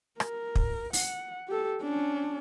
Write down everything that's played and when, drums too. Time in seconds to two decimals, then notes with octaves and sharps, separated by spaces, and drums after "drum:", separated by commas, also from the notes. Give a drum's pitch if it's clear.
0.20 A#4, drum: rim click
0.56 drum: kick
0.93 F#5, drum: open hi-hat
1.48 G4 A4
1.82 C#4 D4